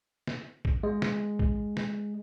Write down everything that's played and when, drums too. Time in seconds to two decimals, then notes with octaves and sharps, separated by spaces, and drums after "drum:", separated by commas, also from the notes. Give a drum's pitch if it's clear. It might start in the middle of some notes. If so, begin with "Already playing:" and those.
0.27 drum: snare
0.65 drum: kick
0.83 G#3
1.02 drum: snare
1.39 drum: kick
1.77 drum: snare